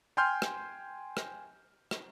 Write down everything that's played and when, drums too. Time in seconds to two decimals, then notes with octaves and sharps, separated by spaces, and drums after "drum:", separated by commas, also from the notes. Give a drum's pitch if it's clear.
0.17 G5 G#5 C6 F6 G6
0.42 drum: rim click
1.17 drum: rim click
1.91 drum: rim click